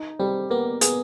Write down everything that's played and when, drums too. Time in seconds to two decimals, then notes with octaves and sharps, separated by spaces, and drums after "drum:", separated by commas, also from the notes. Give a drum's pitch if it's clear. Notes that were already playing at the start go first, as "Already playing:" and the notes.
Already playing: D#4
0.19 G3 C4
0.50 A#3 B3
0.81 B3 G#4, drum: hi-hat